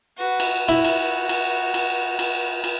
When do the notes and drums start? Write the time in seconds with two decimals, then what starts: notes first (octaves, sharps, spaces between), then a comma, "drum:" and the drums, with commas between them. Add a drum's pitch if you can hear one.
0.17 F#4 B4
0.40 drum: cymbal
0.69 E4 F#4
0.85 drum: cymbal
1.29 drum: cymbal
1.74 drum: cymbal
2.19 drum: cymbal
2.64 drum: cymbal